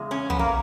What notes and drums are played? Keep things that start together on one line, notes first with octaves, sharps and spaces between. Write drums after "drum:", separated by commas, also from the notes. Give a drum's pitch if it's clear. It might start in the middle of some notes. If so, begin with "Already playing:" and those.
Already playing: E2 C#3 G#3
C#4
B3, drum: tom
A#3